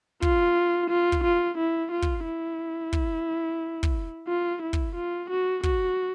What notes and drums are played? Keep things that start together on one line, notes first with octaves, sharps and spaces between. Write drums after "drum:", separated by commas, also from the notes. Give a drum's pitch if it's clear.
F4, drum: kick
F4
drum: kick
F4
E4
F4
drum: kick
E4
drum: kick
drum: kick
F4
E4
drum: kick
F4
F#4
F#4, drum: kick